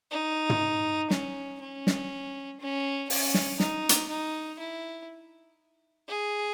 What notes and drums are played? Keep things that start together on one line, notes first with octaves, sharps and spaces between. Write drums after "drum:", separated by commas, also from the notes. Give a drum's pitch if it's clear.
D#4
drum: tom
C#4, drum: snare
C#4
drum: snare
C#4
C#4, drum: open hi-hat
drum: snare
D#4, drum: snare
drum: hi-hat
D#4
E4
G#4